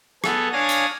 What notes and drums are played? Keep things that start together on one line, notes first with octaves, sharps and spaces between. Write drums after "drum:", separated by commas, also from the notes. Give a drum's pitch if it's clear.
B3 G#4 A4, drum: rim click
D4 C#5 F5 G#5 D#6 A#6
drum: hi-hat